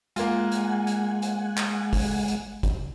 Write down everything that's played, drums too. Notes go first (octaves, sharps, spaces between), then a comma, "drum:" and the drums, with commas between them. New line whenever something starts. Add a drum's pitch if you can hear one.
G#3 A#3 F4 F#5 G#5, drum: hi-hat
drum: hi-hat
drum: hi-hat
drum: hi-hat
drum: clap
drum: kick G1, open hi-hat
drum: hi-hat
drum: kick G1, hi-hat